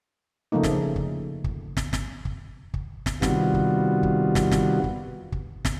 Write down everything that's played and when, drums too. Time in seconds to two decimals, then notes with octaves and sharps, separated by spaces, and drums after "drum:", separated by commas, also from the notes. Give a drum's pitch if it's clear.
0.52 C#3 F3 A3 A#3 D#4
0.63 drum: snare
0.96 drum: kick
1.44 drum: kick
1.77 drum: snare
1.93 drum: snare
2.25 drum: kick
2.74 drum: kick
3.06 drum: snare
3.22 C3 D#3 G3 B3 F4 F#4, drum: snare
3.54 drum: kick
4.03 drum: kick
4.35 drum: snare
4.51 drum: snare
4.84 drum: kick
5.32 drum: kick
5.65 drum: snare